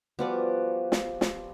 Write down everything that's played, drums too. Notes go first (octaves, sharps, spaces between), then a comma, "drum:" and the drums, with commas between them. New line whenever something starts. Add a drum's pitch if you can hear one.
F3 G3 B3 F#4 D5
drum: snare
drum: snare